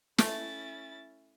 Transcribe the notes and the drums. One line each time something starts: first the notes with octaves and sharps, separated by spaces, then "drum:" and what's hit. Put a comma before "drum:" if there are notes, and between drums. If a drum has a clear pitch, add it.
A3 C#4 E4 A6, drum: snare